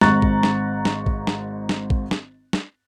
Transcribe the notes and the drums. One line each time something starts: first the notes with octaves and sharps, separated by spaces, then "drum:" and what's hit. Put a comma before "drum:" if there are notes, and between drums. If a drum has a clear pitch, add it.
G#1 G#2 A#5 C#6 F#6 A6, drum: snare
drum: kick A1
drum: snare
drum: snare
drum: kick A1
drum: snare
drum: snare
drum: kick A1
drum: snare
drum: snare